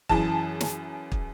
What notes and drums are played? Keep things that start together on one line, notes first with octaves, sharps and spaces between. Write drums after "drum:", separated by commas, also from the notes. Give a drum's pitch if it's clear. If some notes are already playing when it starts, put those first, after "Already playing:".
F#2 E3 G#4 A5, drum: kick
drum: snare
drum: kick